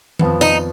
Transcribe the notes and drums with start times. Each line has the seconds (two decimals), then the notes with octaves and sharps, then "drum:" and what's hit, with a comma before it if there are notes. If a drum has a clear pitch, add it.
0.19 F2 F3 B3, drum: tom D#3
0.41 D#4, drum: tambourine